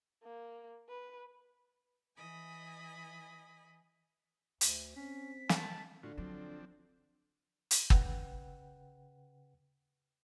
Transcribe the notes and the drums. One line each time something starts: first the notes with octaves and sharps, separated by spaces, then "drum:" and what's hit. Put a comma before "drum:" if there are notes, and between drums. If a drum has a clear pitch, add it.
A#3
B4
E3 D#5 G#5 B5
D2, drum: hi-hat
C4 C#4 B6
D#3 A5, drum: snare
A2 D3 F4 F#4
F3 F#3 C4 D4
drum: hi-hat
C#3 B4 F#5 G5, drum: kick